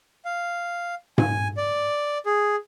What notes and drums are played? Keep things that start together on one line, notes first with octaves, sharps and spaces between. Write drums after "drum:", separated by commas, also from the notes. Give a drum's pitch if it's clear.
F5
G#5, drum: tom G#2
D5
G#4